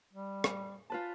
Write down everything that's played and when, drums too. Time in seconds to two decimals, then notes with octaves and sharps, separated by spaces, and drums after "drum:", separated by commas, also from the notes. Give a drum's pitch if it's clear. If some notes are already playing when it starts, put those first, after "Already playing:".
0.13 G3
0.44 drum: rim click
0.90 F4 B4 A5